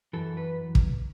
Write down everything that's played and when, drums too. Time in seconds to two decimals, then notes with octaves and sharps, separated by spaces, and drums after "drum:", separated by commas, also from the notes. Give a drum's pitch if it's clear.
0.13 F#2 E3 A4
0.37 B4
0.75 drum: kick